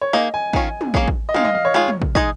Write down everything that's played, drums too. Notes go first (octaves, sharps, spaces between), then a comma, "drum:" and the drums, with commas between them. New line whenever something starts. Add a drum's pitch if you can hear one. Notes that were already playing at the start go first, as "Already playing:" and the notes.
C#5
A#3 D#4 G#4 D#5
G#5
D#3 C#4 F4, drum: kick
drum: tom
A#3 C#4 G#4 C#5, drum: kick
drum: kick
D#5
D#3 G#3 D#4 F5, drum: tom
D#5
F5
C#5
D#3 G#3 F4
drum: tom
drum: kick
G#3 D#4 G#4 D#5, drum: kick